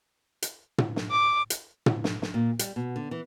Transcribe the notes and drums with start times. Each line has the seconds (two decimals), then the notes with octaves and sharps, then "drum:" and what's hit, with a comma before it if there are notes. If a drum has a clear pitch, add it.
0.42 drum: hi-hat
0.78 drum: tom
0.96 drum: snare
1.11 D6
1.50 drum: hi-hat
1.86 drum: tom
2.04 drum: snare
2.22 drum: snare
2.34 A#2
2.59 G3, drum: hi-hat
2.76 B2
2.96 D3
3.11 E3